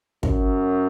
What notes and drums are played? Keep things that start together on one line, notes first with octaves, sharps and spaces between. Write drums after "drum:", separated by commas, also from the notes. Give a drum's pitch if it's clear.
F#2, drum: kick